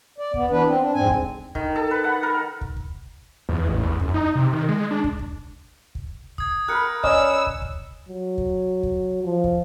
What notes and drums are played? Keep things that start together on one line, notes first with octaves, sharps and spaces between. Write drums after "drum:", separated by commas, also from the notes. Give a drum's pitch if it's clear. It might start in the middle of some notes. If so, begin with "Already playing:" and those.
D5
B3, drum: kick
E3 B3 D4 B4
C4
D4
F2 G#2 C4 G#5
drum: kick
D#3, drum: kick
A4
B4
F#5
A#4
drum: kick
drum: kick
E2
A1
E2
F#2, drum: kick
D#4
C3
D#3
G#3
D4
drum: kick
drum: kick
drum: kick
D#6 G#6, drum: kick
A#4 B5 F#6 C#7
C#4 D5 D#5 E6, drum: kick
drum: kick
drum: kick
F#3
drum: kick
drum: kick
F3
drum: kick